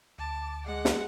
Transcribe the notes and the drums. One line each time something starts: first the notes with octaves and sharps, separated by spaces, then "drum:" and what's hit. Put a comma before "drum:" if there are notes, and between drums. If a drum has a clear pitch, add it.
D2 A5 D6
G#3 F#5
drum: snare